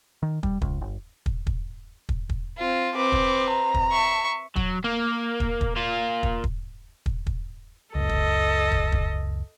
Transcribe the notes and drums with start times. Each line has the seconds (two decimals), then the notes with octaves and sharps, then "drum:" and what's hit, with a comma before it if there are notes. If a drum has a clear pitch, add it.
0.23 D#3
0.43 G3, drum: kick
0.62 C#2, drum: kick
0.81 G1
1.26 drum: kick
1.47 drum: kick
2.09 drum: kick
2.29 drum: kick
2.58 C4 F4
2.95 C4 B4 D6
3.12 drum: kick
3.50 A#5
3.74 drum: kick
3.91 E5 C#6
4.56 F#3, drum: kick
4.84 A#3
5.40 drum: kick
5.61 drum: kick
5.76 A#3 F4
6.23 drum: kick
6.44 drum: kick
7.06 drum: kick
7.27 drum: kick
7.95 F#1 C#2 A4 D#5
8.09 drum: kick
8.72 drum: kick
8.92 drum: kick